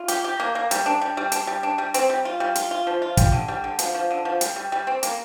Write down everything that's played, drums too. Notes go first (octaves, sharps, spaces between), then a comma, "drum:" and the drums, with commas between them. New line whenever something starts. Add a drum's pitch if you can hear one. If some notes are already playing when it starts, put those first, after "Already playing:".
Already playing: F4
G4, drum: hi-hat
G4
A#3
A#3
G3, drum: hi-hat
D4
G3
G3
D4, drum: hi-hat
G3
D4
G3
C4, drum: hi-hat
G3
F4
G3
F4, drum: hi-hat
F4
F3
F4
G3, drum: kick, hi-hat
D3
G3
D3
F3, drum: hi-hat
F3
D3
F3
G3, drum: hi-hat
G3
G3
C4
A#3, drum: hi-hat